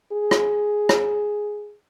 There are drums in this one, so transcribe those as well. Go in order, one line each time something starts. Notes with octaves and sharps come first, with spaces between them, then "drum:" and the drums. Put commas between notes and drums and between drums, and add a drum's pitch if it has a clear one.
G#4
drum: rim click
drum: rim click